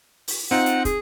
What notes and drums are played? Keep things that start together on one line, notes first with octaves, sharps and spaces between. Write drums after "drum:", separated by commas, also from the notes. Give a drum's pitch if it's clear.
drum: open hi-hat
C4 D#4 F4 F#5
drum: hi-hat
G#4, drum: kick, hi-hat